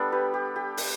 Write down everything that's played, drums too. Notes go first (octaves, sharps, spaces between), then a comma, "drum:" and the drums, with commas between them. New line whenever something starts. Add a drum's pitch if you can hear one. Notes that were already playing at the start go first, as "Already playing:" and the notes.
Already playing: G3 B3 D4 A4
G4 B4
G4
G4
drum: open hi-hat